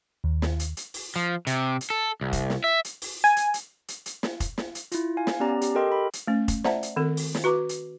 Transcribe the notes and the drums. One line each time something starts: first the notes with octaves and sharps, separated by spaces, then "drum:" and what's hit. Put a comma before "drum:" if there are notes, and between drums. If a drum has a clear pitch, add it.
D#2
drum: snare
drum: hi-hat
drum: hi-hat
drum: open hi-hat
F3
C3, drum: hi-hat
drum: hi-hat
A4
C2
drum: kick F1, hi-hat
drum: snare
E5
drum: hi-hat
drum: open hi-hat
G#5
drum: hi-hat
drum: hi-hat
drum: hi-hat
drum: hi-hat
drum: snare
drum: kick F1, hi-hat
drum: snare
drum: hi-hat
E4 F4, drum: hi-hat
F5 G#5
drum: snare
B3 C#4 G4 D5 A#5
G4, drum: hi-hat
G4 A4 A#4 D#5 G5 C6
B5
drum: hi-hat
A3 C#4
drum: kick F1, hi-hat
C5 D5 E5 F#5 A5 A#5, drum: snare
drum: hi-hat
D#3 C4 A4
drum: open hi-hat
drum: snare
F#4 B4 A#5 D6
drum: hi-hat